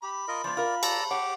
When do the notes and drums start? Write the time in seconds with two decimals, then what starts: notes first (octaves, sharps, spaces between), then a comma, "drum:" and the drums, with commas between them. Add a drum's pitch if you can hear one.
0.03 G4 B5
0.28 F4 A#4 D#5
0.44 F3 B3 D5
0.57 F4 A#4
0.83 D5 A5 A#5 E6, drum: cymbal
1.11 G4 C#5 F#5 D6